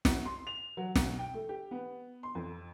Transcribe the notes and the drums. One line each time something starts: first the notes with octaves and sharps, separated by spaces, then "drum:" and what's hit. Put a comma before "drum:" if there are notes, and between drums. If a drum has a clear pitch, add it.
E4, drum: snare
C6
F7
F#3
B1, drum: snare
G5
A3
G4
B3
C6
F2